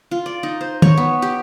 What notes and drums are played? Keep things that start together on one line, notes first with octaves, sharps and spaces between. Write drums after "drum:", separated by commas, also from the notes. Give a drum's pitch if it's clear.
F4
D5
D#4
C5
C#5, drum: tom
B3
G4